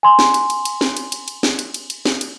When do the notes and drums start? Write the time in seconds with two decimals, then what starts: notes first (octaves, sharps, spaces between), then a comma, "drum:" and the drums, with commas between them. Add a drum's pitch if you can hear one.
0.03 G#5 C6
0.19 drum: snare
0.34 drum: cymbal
0.50 drum: cymbal
0.65 drum: cymbal
0.81 drum: snare
0.97 drum: cymbal
1.12 drum: cymbal
1.28 drum: cymbal
1.43 drum: snare
1.59 drum: cymbal
1.74 drum: cymbal
1.90 drum: cymbal
2.05 drum: snare
2.21 drum: cymbal